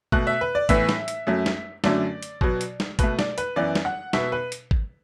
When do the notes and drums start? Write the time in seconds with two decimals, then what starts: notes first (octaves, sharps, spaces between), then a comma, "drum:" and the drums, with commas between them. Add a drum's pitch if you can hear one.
0.12 B2 A3 F#6, drum: kick G#1
0.27 E5
0.41 B4
0.55 D5
0.69 A2 E3 B3 E5, drum: kick G#1, hi-hat
0.89 drum: snare
1.08 drum: hi-hat
1.27 F#2 F#3 A3
1.46 drum: snare
1.84 F#2 D3 F#3 A3 D5, drum: snare
2.23 drum: hi-hat
2.41 B2 F#3 B3, drum: kick G#1
2.61 drum: hi-hat
2.80 drum: snare
2.99 B2 A3 B4, drum: kick G#1, hi-hat
3.19 D5, drum: snare
3.38 B4, drum: hi-hat
3.56 F#2 E3 B3 D5
3.75 drum: snare
3.85 F#5
4.13 B2 B3 E5, drum: snare
4.32 B4
4.52 drum: hi-hat
4.71 drum: kick G#1